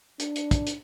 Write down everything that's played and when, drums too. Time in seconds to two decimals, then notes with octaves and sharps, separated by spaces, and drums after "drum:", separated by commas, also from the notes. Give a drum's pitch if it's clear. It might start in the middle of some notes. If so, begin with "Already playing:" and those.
0.20 D4, drum: hi-hat
0.36 drum: hi-hat
0.51 drum: kick, hi-hat
0.67 drum: hi-hat